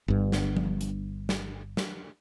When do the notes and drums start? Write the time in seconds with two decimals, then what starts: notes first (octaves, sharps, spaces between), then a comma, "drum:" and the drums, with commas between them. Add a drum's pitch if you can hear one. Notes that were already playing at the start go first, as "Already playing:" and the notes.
0.08 G1 G2
0.32 drum: snare
0.57 drum: tom F3
0.81 drum: hi-hat
1.29 drum: snare
1.77 drum: snare